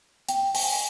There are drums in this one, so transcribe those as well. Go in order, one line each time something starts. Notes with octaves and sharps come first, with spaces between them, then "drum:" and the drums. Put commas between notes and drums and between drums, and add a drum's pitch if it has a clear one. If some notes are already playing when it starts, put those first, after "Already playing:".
G5, drum: hi-hat
G#5, drum: open hi-hat